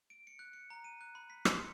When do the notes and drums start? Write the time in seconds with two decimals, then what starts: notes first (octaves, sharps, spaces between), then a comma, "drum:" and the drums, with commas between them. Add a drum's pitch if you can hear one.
0.10 D7
0.27 C#7
0.39 F#6
0.53 C#7
0.70 A#5
0.84 D#7
1.01 F#6
1.15 B5
1.30 B6
1.45 C6, drum: rim click
1.60 C#7